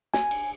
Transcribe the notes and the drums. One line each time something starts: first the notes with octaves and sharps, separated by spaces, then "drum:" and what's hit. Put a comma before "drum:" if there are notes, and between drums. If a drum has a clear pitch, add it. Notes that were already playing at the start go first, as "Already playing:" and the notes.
G#5, drum: snare
drum: cymbal